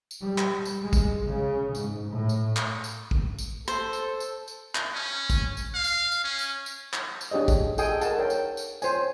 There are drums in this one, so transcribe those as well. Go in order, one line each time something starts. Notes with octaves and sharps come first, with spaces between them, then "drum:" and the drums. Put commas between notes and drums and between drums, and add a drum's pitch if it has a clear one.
drum: tambourine
G3
drum: clap
drum: tambourine
G#3
drum: kick, tambourine
C#3
G#2, drum: tambourine
A2
drum: tambourine
drum: clap
drum: tambourine
drum: kick
drum: tambourine
A4 C5, drum: tambourine
drum: tambourine
drum: tambourine
drum: tambourine
drum: clap
C#4
drum: kick, tambourine
drum: tambourine
F5
drum: tambourine
drum: tambourine
C#4
drum: tambourine
drum: tambourine
drum: clap
drum: tambourine
D4 G4 G#4 C#5 D#5
drum: kick, tambourine
G#4 A4 D#5 G5 G#5 D#6, drum: tambourine
A#4 D5 F#5 A5, drum: tambourine
A#4 C#5 G5
drum: tambourine
drum: tambourine
C5 C#5 G#5, drum: tambourine